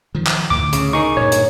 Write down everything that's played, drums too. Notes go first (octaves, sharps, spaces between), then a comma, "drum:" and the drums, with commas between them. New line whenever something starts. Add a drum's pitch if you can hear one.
D#3 F3
drum: clap
D2 A2 D3 D6
C#3, drum: hi-hat
D#4 G#4 A#4 C#6
G2 A#2 C#5
drum: hi-hat